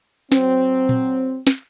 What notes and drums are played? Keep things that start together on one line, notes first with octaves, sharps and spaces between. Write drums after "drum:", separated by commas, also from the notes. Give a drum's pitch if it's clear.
F#3 C4, drum: snare
drum: tom A#2
drum: snare